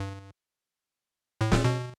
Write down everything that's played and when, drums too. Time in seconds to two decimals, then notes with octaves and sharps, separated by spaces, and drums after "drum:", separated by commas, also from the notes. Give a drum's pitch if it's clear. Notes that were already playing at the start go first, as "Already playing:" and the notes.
Already playing: G2
1.41 A2
1.52 A#2, drum: snare
1.64 B2